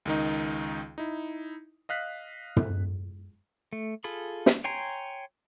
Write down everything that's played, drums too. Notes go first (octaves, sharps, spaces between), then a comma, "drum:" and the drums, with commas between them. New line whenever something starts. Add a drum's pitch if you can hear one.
C#2 D#3 D#4
D#4 E4
D#5 F5 F#6 B6
drum: tom
A3
F4 G#4 A4 B5
drum: snare
C#5 G5 G#5 A#5 C6